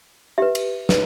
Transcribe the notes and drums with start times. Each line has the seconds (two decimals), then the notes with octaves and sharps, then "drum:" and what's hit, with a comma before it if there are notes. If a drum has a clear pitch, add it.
0.38 G4 B4 E5
0.55 drum: cymbal
0.89 B4, drum: snare